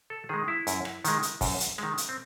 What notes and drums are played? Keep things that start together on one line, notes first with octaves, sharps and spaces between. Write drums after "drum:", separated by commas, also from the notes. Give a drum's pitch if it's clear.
A4
D#3 G#3 G#4
E4
F#2, drum: hi-hat
drum: rim click
D#3 G#3, drum: hi-hat
drum: hi-hat
F#2, drum: kick, open hi-hat
drum: hi-hat
D#3 G#3, drum: rim click
drum: hi-hat
C4